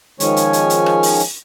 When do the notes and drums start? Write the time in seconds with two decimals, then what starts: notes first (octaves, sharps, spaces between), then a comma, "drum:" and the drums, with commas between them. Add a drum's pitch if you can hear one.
0.20 D#3 F3 G#3 C#4 C#5 G#5, drum: hi-hat
0.37 drum: hi-hat
0.53 drum: hi-hat
0.70 drum: hi-hat
0.86 drum: rim click
1.03 drum: open hi-hat
1.20 drum: hi-hat